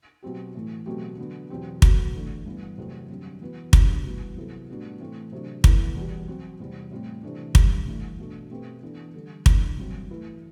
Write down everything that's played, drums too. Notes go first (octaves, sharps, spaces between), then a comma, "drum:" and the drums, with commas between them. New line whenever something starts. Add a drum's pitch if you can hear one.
B2 F#3 C4 G4
A2 E3 A3
B2 F#3 A3 C4 G4
D3 F#3 B3
E2 B2 F#3 C4 G4
F#3 B3 F#4 A4, drum: kick
E2 D3 A3
G2 E3 B3
E2 C3 F#3 A3 C4
F#2 D3 G3 C4
E3 B3 F#4 B4
D3 G3 B3 D4 F#4, drum: kick
G2 E3 B3 F#4
C3 F#3 B3 E4 A4
A2 G3 B3 D4 F#4
A2 E3 A3 C4
C3 F#3 A3 D4
E3 B3 E4 A4, drum: kick
E2 B2 G3
F#3 C4 F#4
E2 C3 G3
A2 G3 C4 G4
C3 E3 A3 D4
G2 D3 G3, drum: kick
G2 E3 A3
B2 A3 D4
B2 A3 C4 G4 B4
E3 B3 D4 A4
D3 G3 D4 A4
A2 E3 A3 D4, drum: kick
G2 D3 F#3 C4
E3 A3 E4 B4